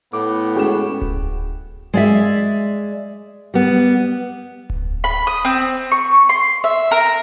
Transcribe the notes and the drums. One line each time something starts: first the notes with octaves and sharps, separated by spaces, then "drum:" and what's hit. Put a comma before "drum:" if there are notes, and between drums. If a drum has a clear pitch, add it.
A2 B3 D6
G#3 C#4 F#4 G5 E7
drum: kick D1
G#3 D5 E5
G3 B3
drum: kick D1
B5
D#6
C4
C#6
C6
E5
A#4